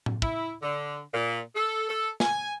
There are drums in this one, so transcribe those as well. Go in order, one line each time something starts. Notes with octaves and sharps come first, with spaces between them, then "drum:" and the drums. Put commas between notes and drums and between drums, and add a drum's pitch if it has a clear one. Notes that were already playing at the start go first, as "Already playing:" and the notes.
drum: tom A2
E4, drum: kick
D3
A#2
A4
A4
G#5, drum: snare